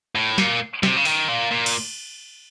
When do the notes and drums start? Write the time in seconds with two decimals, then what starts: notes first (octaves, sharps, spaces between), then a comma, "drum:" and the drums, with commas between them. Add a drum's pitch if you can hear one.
0.15 A2
0.38 A#2, drum: snare
0.83 C3, drum: snare
0.96 C#3
1.05 D#3, drum: open hi-hat
1.28 A#2
1.51 A#2
1.66 drum: cymbal